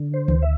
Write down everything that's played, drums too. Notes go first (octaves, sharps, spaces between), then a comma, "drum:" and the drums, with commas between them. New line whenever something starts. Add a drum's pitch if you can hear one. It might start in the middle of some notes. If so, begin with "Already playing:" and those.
Already playing: D3
C5
D2, drum: tom D#3
E5